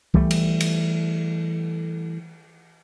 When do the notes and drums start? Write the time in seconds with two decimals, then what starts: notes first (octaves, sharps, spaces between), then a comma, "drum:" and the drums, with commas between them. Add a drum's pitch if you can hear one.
0.14 E3 G3 A3, drum: kick C2
0.31 drum: cymbal
0.60 drum: cymbal